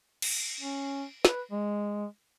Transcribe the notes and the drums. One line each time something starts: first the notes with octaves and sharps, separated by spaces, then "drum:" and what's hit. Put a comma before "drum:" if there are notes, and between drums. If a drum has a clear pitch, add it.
drum: cymbal
C#4
B4, drum: snare
G#3